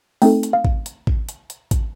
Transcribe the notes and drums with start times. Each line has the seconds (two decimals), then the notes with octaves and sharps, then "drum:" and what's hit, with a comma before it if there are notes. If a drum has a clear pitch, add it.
0.22 A3 C4 D#4 A4 G5, drum: open hi-hat
0.43 drum: hi-hat
0.53 F5
0.65 drum: kick
0.86 drum: hi-hat
1.07 drum: kick
1.29 drum: hi-hat
1.50 drum: hi-hat
1.71 drum: kick, hi-hat